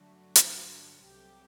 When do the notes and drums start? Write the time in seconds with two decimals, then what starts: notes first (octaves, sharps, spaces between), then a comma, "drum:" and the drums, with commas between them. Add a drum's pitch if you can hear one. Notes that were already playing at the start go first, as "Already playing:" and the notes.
Already playing: G2 D3 F#3 A3 F#4
0.36 drum: hi-hat
1.04 C2 C3 F#3 A3 G4